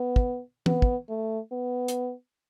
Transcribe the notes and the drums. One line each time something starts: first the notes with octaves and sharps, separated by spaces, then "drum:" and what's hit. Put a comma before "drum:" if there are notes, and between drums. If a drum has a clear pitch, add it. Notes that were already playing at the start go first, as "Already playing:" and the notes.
Already playing: B3
drum: kick
B3, drum: tom E3
drum: kick
A3
B3
drum: hi-hat